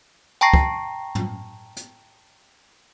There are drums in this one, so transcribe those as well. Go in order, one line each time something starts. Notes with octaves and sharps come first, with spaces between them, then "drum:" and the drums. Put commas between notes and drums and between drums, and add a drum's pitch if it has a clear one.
G5 A5 A#5 C#6 A#6 C7
drum: kick
drum: tom
drum: hi-hat